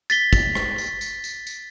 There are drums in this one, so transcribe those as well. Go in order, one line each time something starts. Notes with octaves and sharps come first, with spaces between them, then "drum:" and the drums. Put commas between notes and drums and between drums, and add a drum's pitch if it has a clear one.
A6 B6 G7, drum: tambourine
drum: kick, tambourine
drum: rim click
drum: tambourine
drum: tambourine
drum: tambourine
drum: tambourine